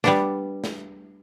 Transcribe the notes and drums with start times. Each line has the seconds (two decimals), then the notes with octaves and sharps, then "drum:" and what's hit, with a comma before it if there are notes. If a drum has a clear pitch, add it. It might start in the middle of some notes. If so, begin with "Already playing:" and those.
0.04 G3 B3 D4, drum: snare
0.64 drum: snare